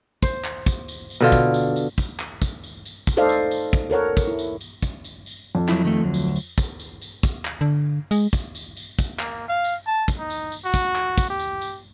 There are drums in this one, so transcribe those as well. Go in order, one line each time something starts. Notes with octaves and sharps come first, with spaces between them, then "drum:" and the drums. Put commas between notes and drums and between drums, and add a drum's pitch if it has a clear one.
C5, drum: kick, tambourine
drum: clap
drum: kick, tambourine
drum: tambourine
drum: tambourine
B2 D3 F4
drum: kick, tambourine
drum: tambourine
drum: tambourine
drum: kick, tambourine
drum: clap
drum: kick, tambourine
drum: tambourine
drum: tambourine
drum: kick, tambourine
D#4 A4 C5 D5 D#5 F5
drum: tambourine
drum: tambourine
drum: kick, tambourine
A4 A#4 C#5 F#5
drum: kick, tambourine
E4
drum: tambourine
drum: tambourine
drum: kick, tambourine
drum: tambourine
drum: tambourine
F2
F#3 E4, drum: clap
D#3 A3
D2 F#3
drum: tambourine
drum: tambourine
drum: kick, tambourine
drum: tambourine
drum: tambourine
drum: kick, tambourine
drum: clap
D3
G#3, drum: tambourine
drum: kick, tambourine
drum: tambourine
drum: tambourine
drum: kick, tambourine
A#3, drum: clap
F5
drum: tambourine
A5
drum: kick, tambourine
D#4
drum: tambourine
drum: tambourine
F#4
drum: kick, tambourine
drum: clap
drum: kick, tambourine
G4
drum: tambourine
drum: tambourine